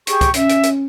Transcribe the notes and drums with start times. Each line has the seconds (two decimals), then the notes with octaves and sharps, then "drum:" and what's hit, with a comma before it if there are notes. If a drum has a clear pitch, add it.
0.07 G4 G#4 C#6, drum: hi-hat
0.21 drum: kick, hi-hat
0.34 C#4 E5, drum: hi-hat
0.49 drum: hi-hat
0.63 drum: hi-hat